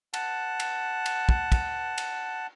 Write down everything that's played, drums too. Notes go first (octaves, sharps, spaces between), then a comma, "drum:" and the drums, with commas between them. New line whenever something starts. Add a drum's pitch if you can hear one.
F#5 A5, drum: cymbal
drum: cymbal
drum: cymbal
drum: kick
drum: kick, cymbal
drum: cymbal